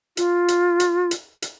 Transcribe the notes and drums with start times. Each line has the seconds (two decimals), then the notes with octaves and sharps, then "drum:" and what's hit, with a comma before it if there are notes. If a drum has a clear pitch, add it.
0.17 F4, drum: hi-hat
0.48 drum: hi-hat
0.80 drum: hi-hat
1.11 drum: hi-hat
1.42 drum: hi-hat